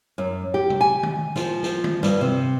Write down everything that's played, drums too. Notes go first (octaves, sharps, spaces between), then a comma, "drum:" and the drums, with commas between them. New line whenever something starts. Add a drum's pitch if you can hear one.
F#2
G4
drum: tom C3
G#5
drum: tom D#3
F3, drum: snare
drum: snare
drum: tom D#3
G2, drum: snare
C3